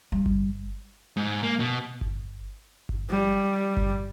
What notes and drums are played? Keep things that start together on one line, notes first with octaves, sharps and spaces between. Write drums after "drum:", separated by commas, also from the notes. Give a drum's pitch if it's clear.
G3
drum: kick G1
G#2
A#3
B2
drum: kick G1
drum: kick G1
G3
drum: kick G1